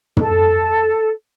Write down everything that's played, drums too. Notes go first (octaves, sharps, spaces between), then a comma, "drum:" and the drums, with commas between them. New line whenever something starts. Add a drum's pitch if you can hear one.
A4, drum: tom